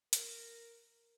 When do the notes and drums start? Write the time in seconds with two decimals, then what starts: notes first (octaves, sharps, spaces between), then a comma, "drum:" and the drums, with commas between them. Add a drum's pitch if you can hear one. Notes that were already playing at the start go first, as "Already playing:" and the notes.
0.13 A#4, drum: hi-hat